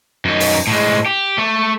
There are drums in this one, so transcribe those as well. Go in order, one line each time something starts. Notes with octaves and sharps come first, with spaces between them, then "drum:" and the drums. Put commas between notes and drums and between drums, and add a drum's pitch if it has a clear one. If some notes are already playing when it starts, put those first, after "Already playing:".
F#2 D#4
drum: open hi-hat
A2 G#3
G4
A3